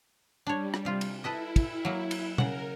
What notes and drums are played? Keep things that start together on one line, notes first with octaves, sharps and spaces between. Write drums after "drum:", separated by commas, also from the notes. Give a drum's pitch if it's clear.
G3 D4 C#5
drum: rim click
C3 F4
drum: cymbal
E4 A4 B4 D#5
drum: kick, cymbal
F#3 A#3
drum: cymbal
C#3 A#4 F#5, drum: tom B2